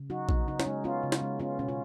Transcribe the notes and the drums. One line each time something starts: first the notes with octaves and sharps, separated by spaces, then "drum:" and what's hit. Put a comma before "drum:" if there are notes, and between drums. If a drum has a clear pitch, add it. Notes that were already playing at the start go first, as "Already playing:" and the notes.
Already playing: C#3
F#3 D#4 F#4
B3 D#4, drum: kick A#1
C#3 D#4
C#4, drum: snare
G#3 D#4
B3 C#4 F4
C#3
drum: snare
G#3
B3 C#4 F4
B2 C#4
F4